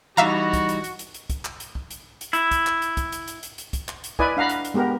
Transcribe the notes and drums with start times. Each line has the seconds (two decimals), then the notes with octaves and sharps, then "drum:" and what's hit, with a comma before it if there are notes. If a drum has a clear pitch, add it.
0.17 E3 G3 D#4 F#4 E5 F5 A#5
0.53 drum: kick, hi-hat
0.69 drum: hi-hat
0.84 drum: hi-hat
0.99 drum: hi-hat
1.14 drum: hi-hat
1.30 drum: kick, hi-hat
1.45 drum: clap
1.60 drum: hi-hat
1.75 drum: kick
1.90 drum: hi-hat
2.21 drum: hi-hat
2.33 E4, drum: hi-hat
2.51 drum: kick, hi-hat
2.67 drum: clap
2.82 drum: hi-hat
2.97 drum: kick, hi-hat
3.12 drum: hi-hat
3.28 drum: hi-hat
3.43 drum: hi-hat
3.58 drum: hi-hat
3.73 drum: kick, hi-hat
3.88 drum: clap
4.04 drum: hi-hat
4.19 E4 B4 D5 D#5 G#5, drum: kick
4.37 D4 F5 F#5 A#5 B5
4.49 drum: hi-hat
4.65 drum: hi-hat
4.74 G#3 B3 G4 A#4